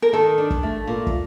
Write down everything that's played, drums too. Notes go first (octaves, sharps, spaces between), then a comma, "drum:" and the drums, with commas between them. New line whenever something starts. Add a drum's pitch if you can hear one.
A#4
D#3 A4
D4
drum: kick
A3
A#2
drum: kick